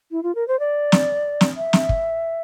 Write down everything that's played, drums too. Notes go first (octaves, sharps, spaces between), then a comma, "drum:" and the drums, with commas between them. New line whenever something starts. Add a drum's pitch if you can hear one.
E4
F4
A#4
C5
D5
drum: snare
drum: snare
E5
drum: snare
drum: kick